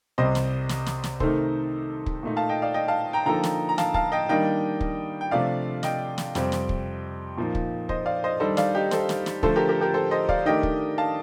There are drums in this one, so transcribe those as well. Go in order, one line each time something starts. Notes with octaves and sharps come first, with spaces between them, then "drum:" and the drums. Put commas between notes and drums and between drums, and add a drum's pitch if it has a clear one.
C2 C3 G3 C5 D#5
drum: snare
drum: snare
drum: snare
drum: snare
C3 D#3 A3 D#4 A4 A#4 C5, drum: kick
drum: kick
A#2 A3 D#4
F5 A5
D#5 G5
D5 F5
D#5 G5
F5 A5
G5 A#5
D3 F3 A#3 D#4 A4 G5 A#5
drum: snare
A#5
F5 A5, drum: snare
F5 A5, drum: kick
D#5 G5
D#3 G3 A#3 D4 D#5 G5
drum: kick
G5
C3 F3 A3 D4 D5 F5
D#5 G5, drum: snare
drum: snare
F2 C3 G3 C4, drum: snare
drum: snare
drum: kick
A#2 F3 A#3 D#4
drum: kick
C5 D#5, drum: kick
D5 F5
C5 D#5
D#3 G3 D4 A4 C5 D#5
D5 F5, drum: snare
D#4 G4
A4 C5, drum: snare
drum: snare
drum: snare
D3 F3 A3 A4 C5, drum: kick
G4 A#4
G4 A#4
G4 A#4
A4 C5
C5 D#5
D5 F5, drum: kick
D#3 A3 D4 G4 A#4 D#5 G5
drum: kick
F5 A5